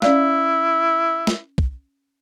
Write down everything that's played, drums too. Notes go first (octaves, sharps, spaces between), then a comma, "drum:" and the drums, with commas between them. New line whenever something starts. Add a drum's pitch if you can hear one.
C#4 E4 D5 F5, drum: snare
drum: snare
drum: kick